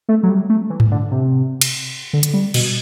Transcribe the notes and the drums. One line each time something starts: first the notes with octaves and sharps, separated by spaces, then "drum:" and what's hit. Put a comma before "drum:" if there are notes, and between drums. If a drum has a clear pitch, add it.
A3
F#3
G3
A3
E3
drum: tom G#2
D3
C3
drum: cymbal
D3
drum: hi-hat
G3
B2, drum: cymbal